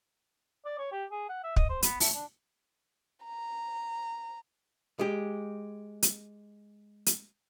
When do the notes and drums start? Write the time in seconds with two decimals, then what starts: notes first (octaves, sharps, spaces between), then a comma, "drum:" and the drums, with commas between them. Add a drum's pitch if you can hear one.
0.65 D5
0.78 C#5
0.92 G4
1.11 G#4
1.29 F#5
1.44 E5
1.56 D#5, drum: kick
1.69 C5
1.82 B3, drum: hi-hat
2.00 A3, drum: open hi-hat
2.14 D4
3.25 A#5
4.99 G#3 G4
6.02 drum: hi-hat
7.06 drum: hi-hat